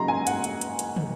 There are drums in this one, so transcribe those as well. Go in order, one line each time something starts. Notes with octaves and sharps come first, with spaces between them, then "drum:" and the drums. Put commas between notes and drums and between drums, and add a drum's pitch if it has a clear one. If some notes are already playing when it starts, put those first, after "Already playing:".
Already playing: C#3 F#3 A#3 D#4 A#5 C6
G#5
F#5, drum: hi-hat
drum: hi-hat
drum: hi-hat
drum: hi-hat
drum: tom